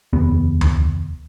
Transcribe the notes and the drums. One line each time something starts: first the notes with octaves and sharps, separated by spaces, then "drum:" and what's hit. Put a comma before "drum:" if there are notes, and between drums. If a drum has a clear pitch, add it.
F1 D#2 B3
drum: tom D2